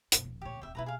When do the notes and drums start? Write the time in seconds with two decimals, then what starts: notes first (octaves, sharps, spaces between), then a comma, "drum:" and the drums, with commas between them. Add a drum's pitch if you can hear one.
0.12 F#2 B2, drum: hi-hat
0.24 D#1 A#1
0.42 D2 A#2 G4 C#5
0.61 D#1 C4 E5 G5
0.75 B2 A#3 E4 B4 A#5
0.86 G#4 F5